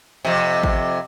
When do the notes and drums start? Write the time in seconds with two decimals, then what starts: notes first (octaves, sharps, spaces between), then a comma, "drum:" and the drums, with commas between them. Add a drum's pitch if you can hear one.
0.25 F2 C3
0.63 drum: kick G#1